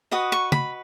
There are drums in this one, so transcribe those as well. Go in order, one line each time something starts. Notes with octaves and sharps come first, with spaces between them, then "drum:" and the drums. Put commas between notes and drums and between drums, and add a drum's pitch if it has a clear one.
F#4 B4 D#5 D#6
C#6
B5, drum: tom